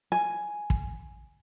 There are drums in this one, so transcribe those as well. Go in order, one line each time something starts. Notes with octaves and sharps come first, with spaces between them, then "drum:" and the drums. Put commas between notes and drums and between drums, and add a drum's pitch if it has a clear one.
G#5
drum: kick